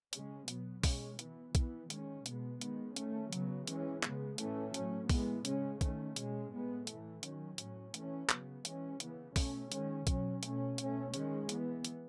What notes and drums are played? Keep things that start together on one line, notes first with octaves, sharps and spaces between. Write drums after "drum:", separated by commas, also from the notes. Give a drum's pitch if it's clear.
C#3 G#3 C#4, drum: hi-hat
B2 F#3 B3, drum: hi-hat
B2 G#3 C#4, drum: kick, open hi-hat
E3 B3, drum: hi-hat
E3 B3, drum: kick, hi-hat
D#3 G#3 C#4, drum: hi-hat
B2 G#3 B3, drum: hi-hat
D#3 G#3 B3, drum: hi-hat
D#3 A3 C#4, drum: hi-hat
C#3 F#3 B3, drum: hi-hat
E3 G#3 C#4, drum: hi-hat
C#3 G#3 B3, drum: clap
A2 E3 A3 C#4, drum: hi-hat
A2 F#3 C#4, drum: hi-hat
E3 G#3 B3, drum: kick, open hi-hat
C#3 G#3 C#4, drum: hi-hat
D#3 A3 C#4, drum: kick, hi-hat
B2 G#3 C#4, drum: hi-hat
A2 G#3 B3
A2 E3 A3, drum: hi-hat
D#3 F#3 C#4, drum: hi-hat
A2 F#3 C#4, drum: hi-hat
E3 A3 C#4, drum: hi-hat
C#3 F#3 B3, drum: clap
E3 G#3 C#4, drum: hi-hat
C#3 E3 B3, drum: hi-hat
B2 A3 C#4, drum: kick, open hi-hat
D#3 G#3 C#4, drum: hi-hat
B2 F#3 C#4, drum: kick, hi-hat
B2 A3 C#4, drum: hi-hat
B2 A3 C#4, drum: hi-hat
D#3 G#3 C#4, drum: hi-hat
E3 B3, drum: hi-hat
drum: hi-hat